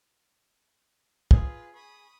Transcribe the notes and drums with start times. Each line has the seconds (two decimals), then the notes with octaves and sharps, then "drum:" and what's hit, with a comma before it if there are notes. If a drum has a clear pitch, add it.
1.31 F4 G#4 B4, drum: kick
1.75 B5 C#6 D#6